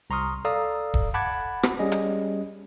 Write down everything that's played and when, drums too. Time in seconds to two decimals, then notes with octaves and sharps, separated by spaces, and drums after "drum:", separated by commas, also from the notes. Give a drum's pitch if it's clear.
0.10 C2 A#5 C6 C#6 D#6 F6
0.45 A4 D5 F5 A#5 D#6 E6
0.94 drum: kick D#1
1.14 F#5 A5 B5 D6 F#6 G#6
1.63 drum: rim click
1.79 G3 C#4 G#4 D#5
1.92 drum: hi-hat